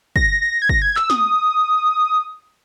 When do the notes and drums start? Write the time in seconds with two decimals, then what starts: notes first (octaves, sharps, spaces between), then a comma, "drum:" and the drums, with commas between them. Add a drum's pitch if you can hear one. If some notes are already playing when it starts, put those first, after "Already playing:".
0.16 A#6, drum: kick
0.42 A#6
0.62 G#6
0.69 A#6, drum: kick
0.82 G#6
0.96 E6, drum: clap
1.10 D#6, drum: snare